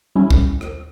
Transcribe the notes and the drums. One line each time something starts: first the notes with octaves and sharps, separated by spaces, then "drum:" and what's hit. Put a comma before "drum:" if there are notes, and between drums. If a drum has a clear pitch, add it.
G3 C#4 E4
drum: kick
drum: rim click